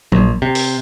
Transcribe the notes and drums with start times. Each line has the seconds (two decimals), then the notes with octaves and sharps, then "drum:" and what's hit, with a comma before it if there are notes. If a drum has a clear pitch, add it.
0.12 A#1, drum: tom
0.42 C3
0.55 drum: open hi-hat